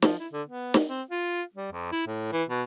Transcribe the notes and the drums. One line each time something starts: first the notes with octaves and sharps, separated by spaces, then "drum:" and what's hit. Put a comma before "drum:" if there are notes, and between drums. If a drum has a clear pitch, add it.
F3, drum: snare
E4
D3
B3
drum: snare
C4
F4
G3
F2
E4
A2
E3
B2